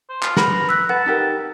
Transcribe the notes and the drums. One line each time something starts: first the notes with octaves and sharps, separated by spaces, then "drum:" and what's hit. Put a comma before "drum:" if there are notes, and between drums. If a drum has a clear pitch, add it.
C5
F4, drum: clap
B4 F#5 A#5 B5 F6, drum: snare
B5 E6 F#6 A#6
B4 F#5 A5
D#4 G4 A#4